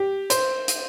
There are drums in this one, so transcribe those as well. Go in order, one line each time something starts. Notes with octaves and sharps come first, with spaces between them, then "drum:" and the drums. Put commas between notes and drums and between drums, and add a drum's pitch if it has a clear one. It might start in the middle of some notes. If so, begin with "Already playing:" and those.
Already playing: G4
C5, drum: hi-hat
drum: hi-hat